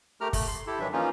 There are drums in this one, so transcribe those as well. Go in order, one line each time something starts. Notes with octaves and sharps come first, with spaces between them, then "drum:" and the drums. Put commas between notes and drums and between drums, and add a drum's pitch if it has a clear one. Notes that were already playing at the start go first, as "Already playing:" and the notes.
A3 G4 A#4 A#5 F6
A3, drum: kick, open hi-hat
C6
E4 G4 A4
G2 D#3 E3 F#3 D4 E5
E3 F3 A#3 C#4 D#4 F4